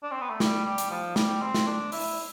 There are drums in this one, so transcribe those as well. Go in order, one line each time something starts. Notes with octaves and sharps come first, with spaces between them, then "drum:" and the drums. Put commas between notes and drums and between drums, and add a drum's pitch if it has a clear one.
D4
C4
B3
A3
G3, drum: snare
G3
drum: hi-hat
F3
G3, drum: snare
C4
drum: snare
D4
E4, drum: open hi-hat